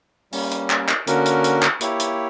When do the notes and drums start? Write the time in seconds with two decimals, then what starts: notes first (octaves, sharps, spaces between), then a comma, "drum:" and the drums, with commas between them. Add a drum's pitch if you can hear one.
0.32 G3 A#3 C#4, drum: open hi-hat
0.51 drum: hi-hat
0.70 drum: clap
0.88 drum: clap
1.07 D3 A#3 C#4 F#4 A#4, drum: hi-hat
1.25 drum: hi-hat
1.44 drum: hi-hat
1.63 drum: clap
1.81 A#3 E4 G4 C#5, drum: hi-hat
2.00 drum: hi-hat